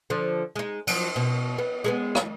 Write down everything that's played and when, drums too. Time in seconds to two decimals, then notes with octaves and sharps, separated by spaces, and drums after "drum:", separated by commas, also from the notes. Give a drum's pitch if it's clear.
0.10 D3 F3
0.56 G#3 D#4
0.87 F3 F#3, drum: cymbal
1.16 B2
1.58 B3
1.84 G#3 A3 B3
2.15 drum: rim click